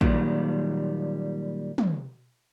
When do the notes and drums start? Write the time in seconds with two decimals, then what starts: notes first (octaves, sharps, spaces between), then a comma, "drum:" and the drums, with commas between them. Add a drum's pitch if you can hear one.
0.01 A#2 D#3 F#3 G3, drum: kick
1.78 drum: tom